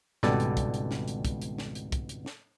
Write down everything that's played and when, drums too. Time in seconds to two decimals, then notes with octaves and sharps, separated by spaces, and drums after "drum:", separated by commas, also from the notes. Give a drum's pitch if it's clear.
0.23 G#1 C#2 B2 G3 A4 D5, drum: snare
0.40 drum: hi-hat
0.57 drum: kick, hi-hat
0.74 drum: hi-hat
0.91 drum: snare
1.08 drum: hi-hat
1.25 drum: kick, hi-hat
1.42 drum: hi-hat
1.58 drum: snare
1.75 drum: hi-hat
1.92 drum: kick, hi-hat
2.09 drum: hi-hat
2.26 drum: snare